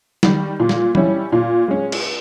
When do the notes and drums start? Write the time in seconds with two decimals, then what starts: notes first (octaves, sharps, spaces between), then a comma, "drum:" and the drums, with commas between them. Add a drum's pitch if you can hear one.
0.23 D#3 G3, drum: snare
0.60 A#2
0.69 drum: snare
0.95 G3 C#4 E4, drum: tom E3
1.32 A#2
1.68 G#3 C#4
1.92 drum: cymbal